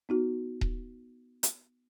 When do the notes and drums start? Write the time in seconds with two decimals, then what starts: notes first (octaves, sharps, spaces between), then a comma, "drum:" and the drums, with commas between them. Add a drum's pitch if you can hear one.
0.09 B3 D#4 F#4
0.61 drum: kick D#1
1.43 drum: hi-hat